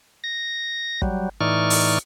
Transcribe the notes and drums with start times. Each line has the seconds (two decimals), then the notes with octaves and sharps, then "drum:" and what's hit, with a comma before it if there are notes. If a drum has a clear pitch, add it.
0.24 A#6
1.02 F#3 G3, drum: kick
1.41 A2 E3 D#4 D5 C#6 F6
1.70 drum: open hi-hat